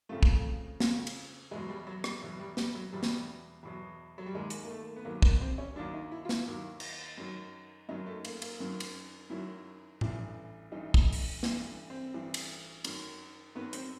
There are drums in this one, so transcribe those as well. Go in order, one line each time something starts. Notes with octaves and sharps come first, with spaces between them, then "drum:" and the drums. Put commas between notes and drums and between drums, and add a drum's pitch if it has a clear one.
F2 C#3 F3 A3
drum: kick
F2 C#3 F3, drum: snare
drum: cymbal
E2 B2 F#3 G#3
G3
F#3
G3, drum: rim click
E2 B2 F#3
G3
G3, drum: snare
F#3
E2 B2 F#3 G3
drum: snare
E2 B2 F#3
F#3
G3
D#2 D#3 F#3 G#3
drum: hi-hat
A#3
A3
B3
D#2 D#3 F#3 A#3
B3, drum: kick
C4
C#4
D#2 D#3 F#3 D4
D#4
E4
F4
E4, drum: snare
D#2 D#3 F#3
drum: cymbal
F#2 D#3 F#3
F#2 D#3 F#3 D#4
A3
A#3, drum: cymbal
A#3, drum: cymbal
F#2 D#3 F#3
drum: cymbal
F#2 D#3 F#3 E4
A1 G2 E3, drum: tom A2
A1 G2 E3 D#4
drum: kick
drum: open hi-hat
A1 G2 E3, drum: snare
C4
A1 G2 E3
drum: cymbal
F#2 D#3 F#3, drum: cymbal
F#2 D#3 F#3 B3
C4, drum: hi-hat